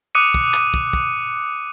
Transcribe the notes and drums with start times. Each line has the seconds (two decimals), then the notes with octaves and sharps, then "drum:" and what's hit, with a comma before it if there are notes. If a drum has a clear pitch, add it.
0.15 D6 D#6 F#6 C#7 D#7
0.34 drum: kick
0.54 drum: clap
0.74 drum: kick
0.93 drum: kick